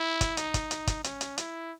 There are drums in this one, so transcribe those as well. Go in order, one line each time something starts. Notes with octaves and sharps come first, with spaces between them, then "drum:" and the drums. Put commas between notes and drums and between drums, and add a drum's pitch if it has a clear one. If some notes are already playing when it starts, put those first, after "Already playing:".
Already playing: E4
drum: kick, hi-hat
D#4, drum: hi-hat
drum: kick, hi-hat
drum: hi-hat
drum: kick, hi-hat
C#4, drum: hi-hat
drum: hi-hat
E4, drum: hi-hat